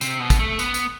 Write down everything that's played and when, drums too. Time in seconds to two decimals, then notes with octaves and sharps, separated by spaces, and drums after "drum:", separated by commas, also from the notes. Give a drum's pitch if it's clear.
0.01 C3, drum: tambourine
0.20 B2
0.30 drum: kick, tambourine
0.39 A3
0.59 B3, drum: tambourine
0.74 drum: tambourine